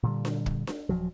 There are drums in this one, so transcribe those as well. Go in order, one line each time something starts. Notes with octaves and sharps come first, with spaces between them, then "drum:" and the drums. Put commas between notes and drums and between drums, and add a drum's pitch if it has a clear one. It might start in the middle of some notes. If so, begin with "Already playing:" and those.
A#2 D3 G3
drum: snare D4
drum: kick
drum: snare D4
D#1 D#2 F3 F#3